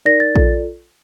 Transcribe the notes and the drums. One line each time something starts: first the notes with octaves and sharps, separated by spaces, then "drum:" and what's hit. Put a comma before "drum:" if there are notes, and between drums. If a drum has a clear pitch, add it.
D#4 A#4 D5 A#6
A6
F4 A4 D5, drum: kick A#1